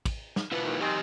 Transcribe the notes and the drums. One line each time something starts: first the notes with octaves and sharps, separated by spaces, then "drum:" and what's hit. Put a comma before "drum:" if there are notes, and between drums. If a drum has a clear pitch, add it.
drum: kick, cymbal
drum: snare
B3 D4 E4 F4 B4
D#2
D#3 C4 G4 D#5 G#5